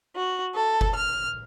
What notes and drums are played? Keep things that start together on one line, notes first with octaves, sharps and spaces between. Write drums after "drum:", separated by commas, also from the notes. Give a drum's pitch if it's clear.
F#4
A4
drum: kick F#1
F6